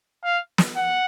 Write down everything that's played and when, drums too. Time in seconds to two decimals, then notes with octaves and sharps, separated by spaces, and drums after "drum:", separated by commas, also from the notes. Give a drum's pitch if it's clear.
0.24 F5
0.58 drum: snare
0.76 F#5